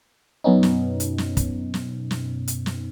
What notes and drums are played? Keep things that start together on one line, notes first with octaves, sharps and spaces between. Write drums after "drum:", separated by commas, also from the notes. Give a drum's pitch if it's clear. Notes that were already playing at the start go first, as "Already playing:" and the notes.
F#2 B2 B3 C#4 D#4
drum: snare
drum: hi-hat
drum: snare
drum: kick, hi-hat
drum: snare
drum: snare
drum: hi-hat
drum: snare